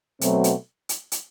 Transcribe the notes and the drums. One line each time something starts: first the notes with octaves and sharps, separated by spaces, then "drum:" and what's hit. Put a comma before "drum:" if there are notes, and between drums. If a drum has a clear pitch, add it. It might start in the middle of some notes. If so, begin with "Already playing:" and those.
B2 F#3 A3 C4, drum: hi-hat
drum: hi-hat
drum: hi-hat
drum: hi-hat